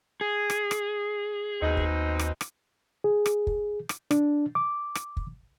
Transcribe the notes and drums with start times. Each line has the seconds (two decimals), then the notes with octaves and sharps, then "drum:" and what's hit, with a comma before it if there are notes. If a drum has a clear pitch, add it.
0.21 G#4
0.50 drum: rim click
0.71 drum: rim click
1.62 D#2 B2 C4 D#4
1.77 drum: kick
2.19 drum: rim click
2.41 drum: rim click
3.04 G#4
3.26 drum: rim click
3.47 drum: kick
3.89 drum: rim click
4.11 D4, drum: rim click
4.55 D6
4.95 drum: rim click
5.17 drum: kick